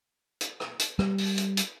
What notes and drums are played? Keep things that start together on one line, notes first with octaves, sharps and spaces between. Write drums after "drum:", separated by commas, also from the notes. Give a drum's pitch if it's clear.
drum: hi-hat
drum: rim click
drum: hi-hat
G3, drum: rim click
drum: open hi-hat
drum: hi-hat
drum: hi-hat